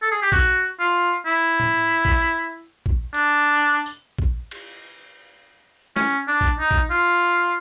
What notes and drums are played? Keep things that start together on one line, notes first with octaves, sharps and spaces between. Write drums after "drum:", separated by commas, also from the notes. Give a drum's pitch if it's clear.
A4
G#4
G4
F#4, drum: kick A#1
F4
E4
drum: tom A2
drum: kick A#1
drum: kick A#1
D4, drum: hi-hat
drum: tambourine
drum: kick A#1
drum: cymbal
C#4, drum: snare
D4
drum: kick A#1
D#4
drum: kick A#1
F4